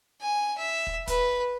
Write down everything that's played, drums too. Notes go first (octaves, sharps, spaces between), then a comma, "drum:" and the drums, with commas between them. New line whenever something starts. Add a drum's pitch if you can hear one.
G#5
E5
drum: kick
B4, drum: kick, hi-hat